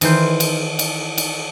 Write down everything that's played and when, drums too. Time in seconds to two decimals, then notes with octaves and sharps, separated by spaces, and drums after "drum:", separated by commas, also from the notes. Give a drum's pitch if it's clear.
0.01 D#3 E3 D#4 C5, drum: cymbal
0.40 drum: cymbal
0.79 drum: cymbal
1.18 drum: cymbal